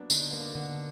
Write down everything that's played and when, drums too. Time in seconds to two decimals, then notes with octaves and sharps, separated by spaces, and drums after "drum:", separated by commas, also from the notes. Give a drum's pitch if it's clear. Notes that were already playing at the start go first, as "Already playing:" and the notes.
Already playing: F#3 A#3 B3 D4
0.10 D3 D#4, drum: tambourine
0.20 D4
0.31 A#3 B3
0.41 D4
0.55 D3